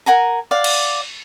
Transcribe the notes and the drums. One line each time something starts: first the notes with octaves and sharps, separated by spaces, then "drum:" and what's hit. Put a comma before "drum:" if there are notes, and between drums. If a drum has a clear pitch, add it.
A#4 F#5 G#5 A#5
D5 F5 F#5
drum: cymbal